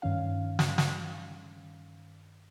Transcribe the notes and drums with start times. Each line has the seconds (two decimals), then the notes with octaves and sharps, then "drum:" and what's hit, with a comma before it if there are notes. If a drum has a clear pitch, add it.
0.02 G2 D#3 C#4 F5
0.59 drum: snare
0.78 drum: snare